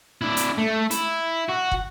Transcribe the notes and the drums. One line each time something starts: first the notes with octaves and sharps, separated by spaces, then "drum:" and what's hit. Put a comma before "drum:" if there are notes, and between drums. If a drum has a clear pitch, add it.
D4 E4
drum: hi-hat
A3
E4, drum: hi-hat
F#4
drum: kick